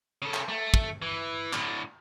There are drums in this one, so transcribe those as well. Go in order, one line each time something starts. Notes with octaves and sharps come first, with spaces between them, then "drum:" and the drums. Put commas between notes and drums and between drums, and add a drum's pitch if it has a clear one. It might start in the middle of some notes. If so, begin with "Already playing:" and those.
C#3 A4
drum: clap
A3
drum: kick
E3
A2 D3, drum: clap